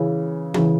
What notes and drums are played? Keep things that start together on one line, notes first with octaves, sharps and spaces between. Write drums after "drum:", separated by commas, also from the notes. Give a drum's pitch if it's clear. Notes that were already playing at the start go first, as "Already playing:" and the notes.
Already playing: C#3 E3
C#3 E3, drum: tom E3